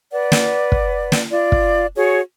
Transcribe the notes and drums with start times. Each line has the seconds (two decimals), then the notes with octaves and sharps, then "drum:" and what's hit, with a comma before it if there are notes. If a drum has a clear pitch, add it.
0.12 B4 D5 F#5
0.32 drum: snare
0.72 drum: kick
1.12 drum: snare
1.30 F4 D5
1.52 drum: kick
1.96 F#4 G#4 C#5